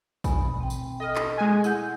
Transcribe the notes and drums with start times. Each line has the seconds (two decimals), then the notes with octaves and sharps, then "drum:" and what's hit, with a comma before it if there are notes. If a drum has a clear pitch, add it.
0.24 B2 G#5 B5, drum: kick, tambourine
0.60 C4 G5
0.70 drum: tambourine
1.00 A4 D#5 F6
1.16 drum: clap
1.38 G#3 G#5 F#6
1.64 E4 F#5 G6, drum: tambourine